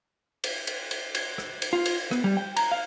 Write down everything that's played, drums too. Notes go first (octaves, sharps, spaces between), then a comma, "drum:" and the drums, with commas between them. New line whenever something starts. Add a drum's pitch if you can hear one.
drum: cymbal
drum: cymbal
drum: cymbal
drum: cymbal
drum: rim click
drum: cymbal
F4
drum: cymbal
B3, drum: rim click
G3
G5
A#5, drum: cymbal
F5